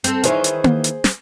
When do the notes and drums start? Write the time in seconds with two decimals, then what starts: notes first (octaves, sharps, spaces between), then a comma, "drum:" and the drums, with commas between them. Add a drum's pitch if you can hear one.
0.04 C4 A4, drum: hi-hat
0.24 D#3 E3 G#4 C5 C#5, drum: hi-hat
0.44 drum: hi-hat
0.64 drum: tom A#3
0.84 drum: hi-hat
1.04 drum: snare